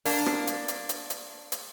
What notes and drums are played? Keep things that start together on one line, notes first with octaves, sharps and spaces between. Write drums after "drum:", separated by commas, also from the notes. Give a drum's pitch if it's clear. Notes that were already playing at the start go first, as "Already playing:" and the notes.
A#3 D4, drum: open hi-hat
drum: rim click
drum: hi-hat
drum: hi-hat
drum: hi-hat
drum: hi-hat
drum: hi-hat